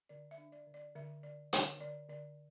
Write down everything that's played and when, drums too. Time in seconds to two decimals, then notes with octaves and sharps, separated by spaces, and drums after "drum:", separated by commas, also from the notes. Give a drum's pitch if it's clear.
0.09 D3 D5
0.31 E5
0.38 D4
0.52 D5
0.67 D3
0.74 D5
0.95 D3 E5
1.23 D3 D5
1.53 D3 C#5, drum: hi-hat
1.80 D3 D5
2.09 D3 D5